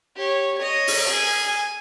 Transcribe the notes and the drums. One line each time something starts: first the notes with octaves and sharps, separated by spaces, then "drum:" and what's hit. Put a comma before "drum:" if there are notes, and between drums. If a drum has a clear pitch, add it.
G4 C#5
C#5 D#5
drum: open hi-hat
G#4 G#5
G#5